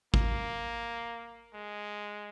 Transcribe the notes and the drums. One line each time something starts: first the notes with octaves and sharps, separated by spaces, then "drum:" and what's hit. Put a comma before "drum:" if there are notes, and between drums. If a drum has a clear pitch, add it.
A#3, drum: kick G#1
G#3